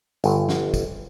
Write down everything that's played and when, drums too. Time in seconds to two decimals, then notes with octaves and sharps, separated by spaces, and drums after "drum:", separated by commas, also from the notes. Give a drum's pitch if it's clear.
0.24 G1, drum: tambourine
0.49 drum: snare
0.74 drum: kick, tambourine